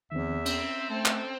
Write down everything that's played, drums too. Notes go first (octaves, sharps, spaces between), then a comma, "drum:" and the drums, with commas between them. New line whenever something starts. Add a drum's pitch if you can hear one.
E2 D#3 F3 C4 E5
C4 C#4, drum: cymbal
A3 A4
drum: clap